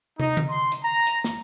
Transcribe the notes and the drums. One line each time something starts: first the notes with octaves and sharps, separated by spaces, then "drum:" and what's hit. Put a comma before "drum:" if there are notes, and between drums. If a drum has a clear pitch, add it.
D#4, drum: tom
drum: tom D3
C6
drum: hi-hat
A#5
drum: hi-hat
drum: snare